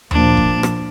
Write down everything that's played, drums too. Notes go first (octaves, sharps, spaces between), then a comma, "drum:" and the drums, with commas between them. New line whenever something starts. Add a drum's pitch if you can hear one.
A#2 F3 A#3 D4, drum: tom D#2
drum: kick F#1
drum: rim click